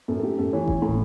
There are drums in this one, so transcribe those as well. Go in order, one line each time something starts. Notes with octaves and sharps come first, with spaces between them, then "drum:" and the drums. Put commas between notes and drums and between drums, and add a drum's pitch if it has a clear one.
F#2 A4
A4
A3 G4
F#2 A4
E3 C#5
E4, drum: kick F#1
A2